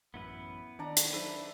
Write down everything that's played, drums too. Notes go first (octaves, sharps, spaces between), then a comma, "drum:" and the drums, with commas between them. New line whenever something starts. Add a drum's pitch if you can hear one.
A1 F#2 B3 E4 B4
D#3 D4 D5 A5 A#5
drum: hi-hat
F#3 D#4 B4 C5 E5